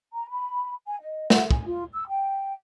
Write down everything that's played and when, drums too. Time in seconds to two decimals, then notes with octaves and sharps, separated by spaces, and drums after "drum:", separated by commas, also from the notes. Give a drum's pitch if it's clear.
0.13 A#5
0.29 B5
0.87 G#5
1.01 D#5
1.30 F#5, drum: snare
1.51 G#5, drum: kick
1.66 F4
1.94 E6
2.09 G5